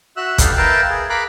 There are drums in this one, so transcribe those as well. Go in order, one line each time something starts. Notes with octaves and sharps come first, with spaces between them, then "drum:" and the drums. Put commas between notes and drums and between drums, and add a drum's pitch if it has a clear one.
F#4 E5 E6 F#6
B3 D#4 G4 A4 B4 F5, drum: kick, hi-hat
A#4 B4 E5 F5 G5 A5
G#4
A#4 F5 B5 D6 F#6